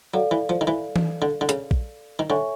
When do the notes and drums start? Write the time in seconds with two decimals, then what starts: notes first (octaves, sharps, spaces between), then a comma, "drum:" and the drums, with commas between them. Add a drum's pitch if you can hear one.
0.14 F#3 A4 D5 F5
0.31 E3
0.49 F3
0.61 D#3
0.67 E3
0.96 drum: tom E3
1.22 D3
1.41 D3
1.49 C#3, drum: hi-hat
1.71 drum: kick A#1
2.19 D#3
2.29 D3 A4 C#5 E5 G#5 C#6